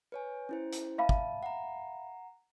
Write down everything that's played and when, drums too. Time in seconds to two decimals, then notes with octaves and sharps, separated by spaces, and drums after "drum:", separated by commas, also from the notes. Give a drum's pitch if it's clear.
0.12 B4 C#5 G#5
0.49 C#4 E4 C5
0.73 drum: hi-hat
0.98 E5 F5 A5 B5
1.09 drum: kick
1.43 F#5 A#5